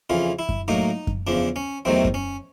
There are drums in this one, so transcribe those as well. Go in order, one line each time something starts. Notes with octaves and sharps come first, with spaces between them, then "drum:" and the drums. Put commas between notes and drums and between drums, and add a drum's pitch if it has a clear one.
F2 C#3 E3 F4
E4
drum: kick F#2
A2 F#3 A#3 D#4
drum: kick F#2
E2 C#3 F3 D4
C#4
E2 C3 D#3 F#3 A3 C4
drum: kick F#2
C#4